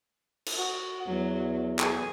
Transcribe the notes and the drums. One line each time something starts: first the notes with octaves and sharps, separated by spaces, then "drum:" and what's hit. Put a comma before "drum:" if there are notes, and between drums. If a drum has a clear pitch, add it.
drum: cymbal
F#4
E2 F#3
G#4, drum: clap